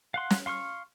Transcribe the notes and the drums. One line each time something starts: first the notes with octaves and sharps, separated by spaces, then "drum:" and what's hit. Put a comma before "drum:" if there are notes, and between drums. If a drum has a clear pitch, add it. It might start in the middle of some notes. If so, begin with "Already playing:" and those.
F5 F#5 C6
drum: snare
F5 C6 C#6 F6